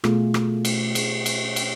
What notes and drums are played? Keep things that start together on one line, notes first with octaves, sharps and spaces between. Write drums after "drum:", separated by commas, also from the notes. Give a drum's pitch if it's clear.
B2 A3 F4 G#4, drum: rim click
drum: rim click
drum: cymbal
B2 A3 F4 G#4, drum: cymbal
drum: cymbal
drum: cymbal